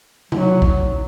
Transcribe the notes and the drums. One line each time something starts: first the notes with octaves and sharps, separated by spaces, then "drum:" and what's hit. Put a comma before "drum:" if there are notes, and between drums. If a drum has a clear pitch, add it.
F#3, drum: tom C3
drum: kick A#1